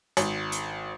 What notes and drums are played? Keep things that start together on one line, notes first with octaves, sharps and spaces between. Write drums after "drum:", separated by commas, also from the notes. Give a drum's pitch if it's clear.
G#1, drum: hi-hat
drum: hi-hat